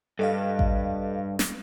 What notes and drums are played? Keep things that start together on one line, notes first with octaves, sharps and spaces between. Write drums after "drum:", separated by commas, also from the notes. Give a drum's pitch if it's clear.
G2 A4 D#5 F5
drum: kick A1
drum: snare